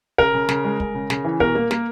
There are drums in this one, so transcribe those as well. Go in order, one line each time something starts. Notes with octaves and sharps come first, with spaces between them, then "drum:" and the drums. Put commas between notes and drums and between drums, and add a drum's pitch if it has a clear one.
C#3 A#4, drum: kick
C#3
C#3, drum: snare
G#3
G#3, drum: kick
C#3
C#3, drum: snare
E3
B2 A#4, drum: kick
A#3
A#3, drum: snare